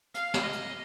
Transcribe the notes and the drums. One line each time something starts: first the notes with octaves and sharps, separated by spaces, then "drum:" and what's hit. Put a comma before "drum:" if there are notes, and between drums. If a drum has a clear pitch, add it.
F5, drum: hi-hat
drum: snare
D#5
drum: hi-hat